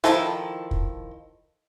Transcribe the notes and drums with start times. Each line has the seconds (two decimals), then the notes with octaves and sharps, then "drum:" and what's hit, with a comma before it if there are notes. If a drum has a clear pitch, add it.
0.04 D#3 F3 E4 A4 A#5, drum: rim click
0.71 drum: kick